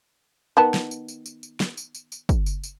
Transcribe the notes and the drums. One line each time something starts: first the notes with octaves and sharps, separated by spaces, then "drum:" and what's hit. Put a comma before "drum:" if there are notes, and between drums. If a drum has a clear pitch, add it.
D#3 B3 A5
drum: snare
drum: tambourine
drum: tambourine
drum: tambourine
drum: tambourine
drum: snare
drum: tambourine
drum: tambourine
drum: tambourine
drum: kick, tambourine
drum: tambourine
drum: tambourine